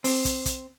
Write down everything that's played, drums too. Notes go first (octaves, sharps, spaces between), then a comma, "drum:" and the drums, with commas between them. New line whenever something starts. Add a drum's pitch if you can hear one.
C4, drum: open hi-hat
drum: kick, hi-hat
drum: kick, hi-hat